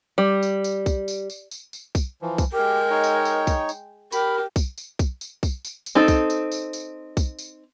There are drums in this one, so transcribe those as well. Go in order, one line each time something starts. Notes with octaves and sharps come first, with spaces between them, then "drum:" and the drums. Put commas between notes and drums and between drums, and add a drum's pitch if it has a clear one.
G3
drum: tambourine
drum: tambourine
drum: kick B1, tambourine
drum: tambourine
drum: tambourine
drum: tambourine
drum: tambourine
drum: kick B1, tambourine
E3 F3
drum: kick B1, tambourine
G#3 G4 A#4 G5
D#4 C#5
drum: tambourine
drum: tambourine
drum: kick B1, tambourine
drum: tambourine
G4 A#4 B5, drum: tambourine
drum: kick B1, tambourine
drum: tambourine
drum: kick B1, tambourine
drum: tambourine
drum: kick B1, tambourine
drum: tambourine
drum: tambourine
C4 D#4 A4
drum: kick B1, tambourine
drum: tambourine
drum: tambourine
drum: tambourine
drum: kick B1, tambourine
drum: tambourine